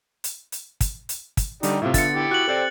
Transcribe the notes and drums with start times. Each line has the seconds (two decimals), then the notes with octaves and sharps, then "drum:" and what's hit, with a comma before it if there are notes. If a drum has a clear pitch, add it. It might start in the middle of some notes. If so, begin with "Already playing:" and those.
0.24 drum: hi-hat
0.52 drum: hi-hat
0.81 drum: kick, hi-hat
1.09 drum: hi-hat
1.37 drum: kick, hi-hat
1.63 D3 G3 D#4 G4 D5, drum: hi-hat
1.82 A2 C3 F4 E5
1.94 D3 B3 A6 C#7, drum: kick, hi-hat
2.15 E4 G4 D6
2.31 F#4 F#6 F#7
2.48 C4 G4 A4 C5 D5